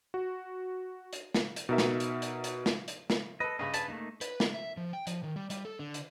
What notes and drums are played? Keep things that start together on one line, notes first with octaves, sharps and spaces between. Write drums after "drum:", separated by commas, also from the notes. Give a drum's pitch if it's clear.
F#4
drum: hi-hat
drum: snare
drum: hi-hat
B2 D#4 A#4 E5
drum: snare
drum: hi-hat
drum: hi-hat
drum: hi-hat
drum: snare
drum: hi-hat
drum: snare
A4 B4 D#5
G2 C#3 D#5 B5
G#4 B4 A5, drum: hi-hat
A3 A#3 D#4
B4, drum: hi-hat
G#3, drum: snare
E5
F3
G5
F3, drum: hi-hat
D#3
G3
G3, drum: hi-hat
A4
D3
drum: hi-hat